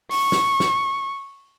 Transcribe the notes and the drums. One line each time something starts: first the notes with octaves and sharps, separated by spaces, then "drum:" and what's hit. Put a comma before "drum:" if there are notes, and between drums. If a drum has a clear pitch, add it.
C#6, drum: open hi-hat
drum: snare
drum: snare